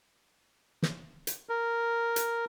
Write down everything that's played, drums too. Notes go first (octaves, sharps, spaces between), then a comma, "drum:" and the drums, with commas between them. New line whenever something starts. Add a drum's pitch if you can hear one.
drum: snare
drum: hi-hat
A#4
drum: hi-hat